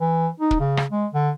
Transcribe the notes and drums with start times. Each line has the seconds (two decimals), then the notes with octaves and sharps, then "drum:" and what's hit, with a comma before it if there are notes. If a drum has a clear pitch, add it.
0.01 E3
0.40 D#4
0.51 drum: kick
0.60 C#3
0.77 drum: rim click
0.91 G#3
1.13 D3